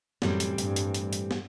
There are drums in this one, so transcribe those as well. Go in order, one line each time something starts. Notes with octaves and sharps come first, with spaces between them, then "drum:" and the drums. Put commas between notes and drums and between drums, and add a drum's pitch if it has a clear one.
F#2 A2 E3 G3 C4, drum: snare
drum: hi-hat
G2, drum: hi-hat
drum: hi-hat
drum: hi-hat
drum: hi-hat
drum: snare